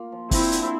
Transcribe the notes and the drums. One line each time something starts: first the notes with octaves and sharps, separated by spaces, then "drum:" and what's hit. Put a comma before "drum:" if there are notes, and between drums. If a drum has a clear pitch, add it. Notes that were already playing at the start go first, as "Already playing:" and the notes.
Already playing: A#3 F4
F3
C4 D4 E4, drum: kick, open hi-hat
D3, drum: hi-hat